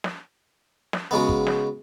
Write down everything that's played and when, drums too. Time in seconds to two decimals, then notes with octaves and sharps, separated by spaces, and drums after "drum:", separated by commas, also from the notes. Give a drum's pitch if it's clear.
0.04 drum: snare
0.93 drum: snare
1.11 C#3 F#3 G#3 B3
1.29 drum: kick
1.47 drum: snare